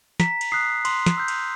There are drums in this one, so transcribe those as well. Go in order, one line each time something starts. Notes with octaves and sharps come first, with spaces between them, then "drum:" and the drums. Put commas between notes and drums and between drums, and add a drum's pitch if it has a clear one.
A#5 B6, drum: snare
drum: cymbal
D#6 F#6 C7
C6, drum: cymbal
drum: snare
E6 G6
drum: cymbal